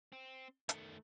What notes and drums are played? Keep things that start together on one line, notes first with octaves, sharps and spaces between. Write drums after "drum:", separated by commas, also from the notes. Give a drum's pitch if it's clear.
C4
D#3 A3, drum: hi-hat